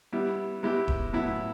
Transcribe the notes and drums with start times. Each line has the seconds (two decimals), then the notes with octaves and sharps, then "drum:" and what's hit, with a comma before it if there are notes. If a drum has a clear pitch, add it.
0.13 G3 B3 E4
0.63 G#3 B3 E4 G4
0.88 drum: kick D#1
1.13 A2 F#3 B3 E4